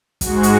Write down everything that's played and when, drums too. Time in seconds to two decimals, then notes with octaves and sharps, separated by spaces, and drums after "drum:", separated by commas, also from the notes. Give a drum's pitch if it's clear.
0.21 G#2 G#3 F#4, drum: kick, hi-hat
0.43 drum: hi-hat